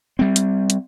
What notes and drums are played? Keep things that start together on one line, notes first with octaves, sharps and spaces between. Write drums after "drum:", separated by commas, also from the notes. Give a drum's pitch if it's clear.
G3 C4
drum: hi-hat
drum: hi-hat